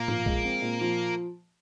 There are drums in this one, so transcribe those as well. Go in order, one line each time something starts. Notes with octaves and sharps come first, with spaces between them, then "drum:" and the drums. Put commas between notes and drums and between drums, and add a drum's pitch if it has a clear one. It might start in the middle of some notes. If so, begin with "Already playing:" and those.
Already playing: A#2 A#3
F3, drum: tom G#2
G#3, drum: kick A#1
C4
A#2
F3